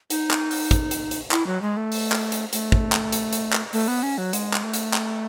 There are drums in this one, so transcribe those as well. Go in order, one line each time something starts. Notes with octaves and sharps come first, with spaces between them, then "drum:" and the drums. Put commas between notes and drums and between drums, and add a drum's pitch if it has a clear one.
D#4, drum: hi-hat
drum: clap
drum: open hi-hat
drum: kick, hi-hat
drum: hi-hat
drum: hi-hat
E4, drum: clap
F#3
G#3
A3
drum: open hi-hat
drum: clap
drum: hi-hat
A3, drum: hi-hat
drum: kick
drum: clap
drum: hi-hat
drum: hi-hat
drum: clap
A3, drum: open hi-hat
B3
C#4
F#3
G#3, drum: hi-hat
drum: clap
A3
drum: hi-hat
drum: clap